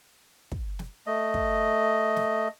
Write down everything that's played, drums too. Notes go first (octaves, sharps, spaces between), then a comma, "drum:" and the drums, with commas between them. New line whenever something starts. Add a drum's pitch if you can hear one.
drum: kick
drum: snare
A3 D#5
drum: kick
drum: snare